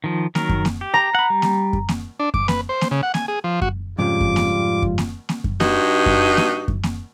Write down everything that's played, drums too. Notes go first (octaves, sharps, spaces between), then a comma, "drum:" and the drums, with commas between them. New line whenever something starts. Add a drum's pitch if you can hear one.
D#3 F3
D#3 F#3 A#4, drum: snare A#3
drum: kick F#2
drum: snare A#3
G4
A#5
F#5 B5
G3
drum: snare A#3
drum: kick F#2
drum: snare A#3
D4
D6, drum: kick F#2
B4, drum: snare A#3
C5
drum: snare A#3
C#3
F#5
G#5, drum: snare A#3
G#4
F3
F#4, drum: kick F#2
F2 G#2 C#3 G3 F4 D6
drum: kick F#2
drum: snare A#3
drum: kick F#2
drum: snare A#3
drum: snare A#3
drum: kick F#2
G2 D#4 F#4, drum: snare A#3
drum: kick F#2
drum: snare A#3
drum: kick F#2
drum: snare A#3